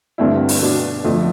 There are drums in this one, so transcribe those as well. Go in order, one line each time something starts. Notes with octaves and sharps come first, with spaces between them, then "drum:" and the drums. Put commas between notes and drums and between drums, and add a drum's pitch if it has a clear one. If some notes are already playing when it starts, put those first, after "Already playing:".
G2 D3 A3 C4 E4
drum: open hi-hat
B2 B3 D4
F2 D3 F3 A3